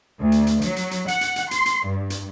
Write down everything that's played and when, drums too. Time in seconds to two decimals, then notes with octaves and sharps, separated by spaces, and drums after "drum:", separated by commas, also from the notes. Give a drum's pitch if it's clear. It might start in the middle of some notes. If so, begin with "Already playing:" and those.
0.20 D2
0.32 drum: hi-hat
0.47 drum: hi-hat
0.62 F#3, drum: hi-hat
0.76 drum: hi-hat
0.91 drum: hi-hat
1.08 F#5, drum: hi-hat
1.21 drum: hi-hat
1.36 drum: hi-hat
1.51 C6, drum: hi-hat
1.66 drum: hi-hat
1.87 G2
2.10 drum: hi-hat